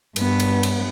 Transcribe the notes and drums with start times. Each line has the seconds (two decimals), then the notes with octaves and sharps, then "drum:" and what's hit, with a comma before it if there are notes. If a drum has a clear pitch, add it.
0.16 G2 B3, drum: cymbal
0.40 drum: cymbal
0.63 drum: cymbal